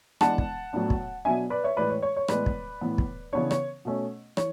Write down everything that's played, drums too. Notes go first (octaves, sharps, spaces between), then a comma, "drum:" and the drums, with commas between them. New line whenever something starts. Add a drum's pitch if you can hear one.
E3 G#3 B3 D4 F#5 A5, drum: rim click
drum: kick
A2 F#3 B3 D4
drum: kick
B2 F#3 B3 D4 E5 G#5
B4 D5
C#5 E5
A2 E3 G#3 B4 D5
C#5
C#5
C#5
A2 E3 G#3 B3 B4 D5, drum: rim click
drum: kick
A2 E3 B3
drum: kick
C#3 E3 B3 D4 C#5
C#5, drum: rim click
B2 A3 C#4
E3 C#5, drum: rim click